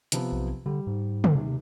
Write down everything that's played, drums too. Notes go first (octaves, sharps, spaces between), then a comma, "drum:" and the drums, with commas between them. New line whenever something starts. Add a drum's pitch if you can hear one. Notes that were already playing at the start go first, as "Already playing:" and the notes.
C3 F3 B3, drum: hi-hat
B1
D3 G3
G#2
drum: tom
D#2 C3